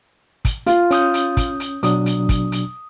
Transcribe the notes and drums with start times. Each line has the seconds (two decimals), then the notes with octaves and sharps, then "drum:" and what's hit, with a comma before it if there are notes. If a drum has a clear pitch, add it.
0.45 drum: kick, hi-hat
0.66 F4, drum: hi-hat
0.91 C#4 D#6 G6, drum: hi-hat
1.14 drum: hi-hat
1.37 drum: kick, hi-hat
1.60 drum: hi-hat
1.83 B2 F#3 D4 D#6, drum: hi-hat
2.06 drum: hi-hat
2.29 drum: kick, hi-hat
2.52 drum: hi-hat